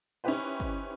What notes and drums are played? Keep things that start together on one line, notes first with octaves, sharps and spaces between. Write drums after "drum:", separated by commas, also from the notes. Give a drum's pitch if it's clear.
C#4 D#4 E4 G4 B4 C5
drum: kick